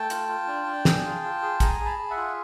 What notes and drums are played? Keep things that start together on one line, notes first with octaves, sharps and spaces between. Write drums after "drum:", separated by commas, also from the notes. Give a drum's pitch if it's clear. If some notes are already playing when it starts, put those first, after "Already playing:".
Already playing: A3 G5 A5
F4, drum: hi-hat
F4
D4
D4
G#4, drum: snare
F4
F4
G#4
G#4 G#5 A#5, drum: kick, hi-hat
G#4
A5 B5
G#4
E5 F#5
F4